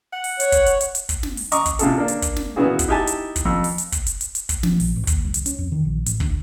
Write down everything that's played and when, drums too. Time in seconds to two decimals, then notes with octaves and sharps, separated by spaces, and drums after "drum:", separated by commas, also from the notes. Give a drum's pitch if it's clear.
0.13 F#5
0.24 drum: open hi-hat
0.40 C#5, drum: hi-hat
0.52 drum: kick, hi-hat
0.66 drum: hi-hat
0.81 drum: hi-hat
0.95 drum: hi-hat
1.09 drum: kick, hi-hat
1.23 drum: snare
1.37 drum: open hi-hat
1.52 D#5 A#5 C#6 D6, drum: hi-hat
1.66 drum: kick, hi-hat
1.79 A2 C3 F4 G#4 A4, drum: hi-hat
1.98 A#3 D4
2.08 drum: hi-hat
2.22 drum: kick, hi-hat
2.36 drum: snare
2.56 A#2 E3 B3 E4 F#4 G#4
2.79 drum: kick, hi-hat
2.88 D#4 E4 G4 G#5 A5
3.07 drum: hi-hat
3.36 drum: kick, hi-hat
3.45 F2
3.64 drum: open hi-hat
3.78 drum: hi-hat
3.92 drum: kick, hi-hat
4.06 drum: hi-hat
4.21 drum: hi-hat
4.35 drum: hi-hat
4.49 drum: kick, hi-hat
4.63 F3, drum: snare
4.80 A#1, drum: open hi-hat
4.96 A1
5.07 D#2, drum: kick, hi-hat
5.25 C2
5.34 drum: hi-hat
5.46 C#4, drum: hi-hat
5.58 F2
5.72 D#3
5.85 A#1
6.06 A1, drum: hi-hat
6.20 D2, drum: kick